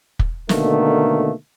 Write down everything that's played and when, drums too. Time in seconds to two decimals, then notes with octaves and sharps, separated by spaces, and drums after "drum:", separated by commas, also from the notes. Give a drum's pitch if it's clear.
0.19 drum: kick
0.49 B2 D3 D#3 A3 A#3, drum: snare